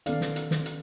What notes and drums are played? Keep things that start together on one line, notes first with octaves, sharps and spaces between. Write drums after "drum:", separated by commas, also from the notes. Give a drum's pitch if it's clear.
D#3 B3 C#4 A4 D5 F5, drum: hi-hat
drum: snare
drum: hi-hat
drum: snare
drum: hi-hat